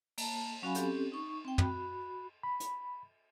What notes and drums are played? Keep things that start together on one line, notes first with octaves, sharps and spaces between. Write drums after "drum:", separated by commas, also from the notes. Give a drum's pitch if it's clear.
A#3 A5, drum: cymbal
F#3 C#4 F#4 F5 G#5 B5
C4 C#4 G4 A4, drum: hi-hat
D#4 C#6
C4 G5
F#4 B5, drum: tom
B5
drum: hi-hat